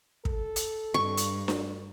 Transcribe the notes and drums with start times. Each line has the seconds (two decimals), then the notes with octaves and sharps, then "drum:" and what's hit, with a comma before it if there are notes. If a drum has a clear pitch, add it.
0.25 A4, drum: kick
0.56 drum: hi-hat
0.94 G2 C#6
1.17 drum: hi-hat
1.48 drum: snare D4